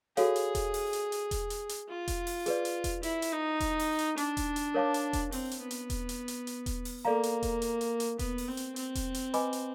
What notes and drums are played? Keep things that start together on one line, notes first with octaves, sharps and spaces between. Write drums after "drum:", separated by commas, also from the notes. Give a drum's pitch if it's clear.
F#4 G#4 A4 C#5 F5, drum: hi-hat
drum: hi-hat
drum: kick E1, hi-hat
drum: open hi-hat
drum: hi-hat
drum: hi-hat
drum: kick E1, hi-hat
drum: hi-hat
drum: hi-hat
F4
drum: kick E1, hi-hat
drum: open hi-hat
G#4 B4 D5, drum: hi-hat
drum: hi-hat
drum: kick E1, hi-hat
E4, drum: hi-hat
drum: hi-hat
D#4
drum: kick E1, hi-hat
drum: open hi-hat
drum: hi-hat
D4, drum: hi-hat
drum: kick E1, hi-hat
drum: hi-hat
A#4 C#5 F5 A5 D6
drum: hi-hat
drum: kick E1, hi-hat
C4, drum: open hi-hat
drum: hi-hat
B3
drum: hi-hat
drum: kick E1, hi-hat
drum: hi-hat
drum: hi-hat
drum: hi-hat
drum: kick E1, hi-hat
drum: open hi-hat
A#3 A4 D5 F5 A#5
drum: hi-hat
drum: kick E1, hi-hat
drum: hi-hat
drum: hi-hat
drum: hi-hat
B3, drum: kick E1, hi-hat
drum: open hi-hat
C4
drum: hi-hat
C4, drum: hi-hat
drum: kick E1, hi-hat
drum: hi-hat
B4 D#5 G#5 B5 D6, drum: hi-hat
drum: hi-hat